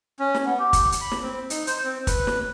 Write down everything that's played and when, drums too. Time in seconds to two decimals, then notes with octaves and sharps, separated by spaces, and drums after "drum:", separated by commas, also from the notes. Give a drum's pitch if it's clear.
0.19 C#4
0.34 drum: snare
0.46 B3
0.59 G4
0.73 drum: kick, hi-hat
0.92 drum: hi-hat
1.01 B5
1.11 drum: snare
1.23 C4
1.50 D#4, drum: hi-hat
1.67 C5, drum: hi-hat
1.84 C4
2.07 B4, drum: kick, hi-hat
2.27 drum: snare